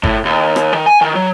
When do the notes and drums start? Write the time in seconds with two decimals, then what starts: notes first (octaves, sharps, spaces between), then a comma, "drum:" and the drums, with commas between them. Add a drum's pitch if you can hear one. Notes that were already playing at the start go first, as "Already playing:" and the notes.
0.04 A2, drum: kick G1
0.25 D#2
0.56 drum: rim click
0.74 D#3
0.86 G#5
1.01 D#3
1.15 F#3